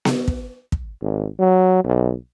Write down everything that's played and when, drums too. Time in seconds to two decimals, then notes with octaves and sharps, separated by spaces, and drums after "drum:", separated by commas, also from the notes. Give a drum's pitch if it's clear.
0.05 drum: snare B3
0.28 drum: kick
0.72 drum: kick
1.01 G#1
1.39 F#3
1.84 B1